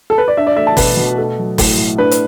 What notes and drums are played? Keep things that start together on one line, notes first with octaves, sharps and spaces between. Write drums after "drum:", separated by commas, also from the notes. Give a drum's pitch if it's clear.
A4
B4
D5
D4 E5
D5
A3 E5
A5
B2 B4, drum: kick, open hi-hat
B2
A3 A4
F#3
A2, drum: kick, open hi-hat
A2
D4 B4
drum: hi-hat